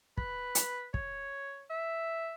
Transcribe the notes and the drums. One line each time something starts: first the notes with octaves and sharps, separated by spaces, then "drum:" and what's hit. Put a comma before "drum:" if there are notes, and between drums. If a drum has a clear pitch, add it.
B4, drum: kick
drum: hi-hat
C#5, drum: kick
E5